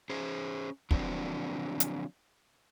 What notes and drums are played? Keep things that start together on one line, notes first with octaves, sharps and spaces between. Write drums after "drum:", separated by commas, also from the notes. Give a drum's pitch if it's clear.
C#4 G#4 C5
D3 F3 F#3 A#3 C4 D4, drum: kick
drum: hi-hat